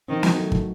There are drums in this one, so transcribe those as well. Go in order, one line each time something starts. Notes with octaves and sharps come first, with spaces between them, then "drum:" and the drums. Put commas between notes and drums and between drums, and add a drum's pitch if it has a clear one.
D#3 C4
F#3, drum: snare
A3
F#3, drum: kick